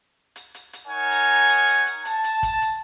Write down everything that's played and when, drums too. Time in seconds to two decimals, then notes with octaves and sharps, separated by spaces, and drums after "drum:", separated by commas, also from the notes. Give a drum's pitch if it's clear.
0.36 drum: hi-hat
0.54 drum: hi-hat
0.73 drum: hi-hat
0.87 D#4 A#4 C#5 F#5 G#5
1.11 drum: hi-hat
1.49 drum: hi-hat
1.67 drum: hi-hat
1.86 drum: hi-hat
2.05 A5, drum: hi-hat
2.24 drum: hi-hat
2.43 drum: kick, hi-hat
2.62 drum: hi-hat